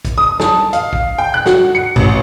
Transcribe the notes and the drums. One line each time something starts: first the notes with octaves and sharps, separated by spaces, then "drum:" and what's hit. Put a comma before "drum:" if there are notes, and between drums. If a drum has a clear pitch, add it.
drum: kick, hi-hat
D#6
A5, drum: snare
F5, drum: hi-hat
drum: kick
G5
F#6
F#4, drum: snare
C#7
A1, drum: kick